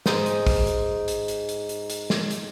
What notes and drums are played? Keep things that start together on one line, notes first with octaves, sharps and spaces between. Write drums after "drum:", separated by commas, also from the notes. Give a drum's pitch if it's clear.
G#2 D#4 G#5 C6, drum: snare
drum: hi-hat
drum: kick, open hi-hat
drum: hi-hat
drum: hi-hat
drum: hi-hat
drum: hi-hat
drum: hi-hat
drum: hi-hat
drum: snare
drum: hi-hat